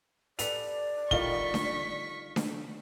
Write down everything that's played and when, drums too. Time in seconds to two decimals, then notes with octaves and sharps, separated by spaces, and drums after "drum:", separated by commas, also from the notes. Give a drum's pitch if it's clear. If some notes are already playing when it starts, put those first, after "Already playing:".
0.39 G4 A4 B4 D5 F7, drum: hi-hat
1.11 D3 D#3 G3 F4 C#6 B6 G7, drum: kick
1.54 drum: snare D4
2.36 drum: snare D4